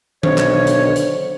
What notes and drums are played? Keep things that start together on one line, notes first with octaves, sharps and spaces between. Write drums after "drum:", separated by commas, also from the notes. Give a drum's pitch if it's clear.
B1 D3 C5 C#5, drum: tom D#3
drum: clap
drum: hi-hat
drum: hi-hat